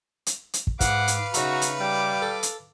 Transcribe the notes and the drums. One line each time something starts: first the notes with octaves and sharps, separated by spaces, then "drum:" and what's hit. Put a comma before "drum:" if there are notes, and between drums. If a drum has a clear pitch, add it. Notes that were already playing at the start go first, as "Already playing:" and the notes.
drum: hi-hat
drum: hi-hat
drum: kick
G#2 B4 F5 F#5 D6 C7, drum: kick, hi-hat
drum: hi-hat
C#3 D#4 F#4 E5 A#5 C#6, drum: hi-hat
drum: hi-hat
G3 D6
A4
drum: hi-hat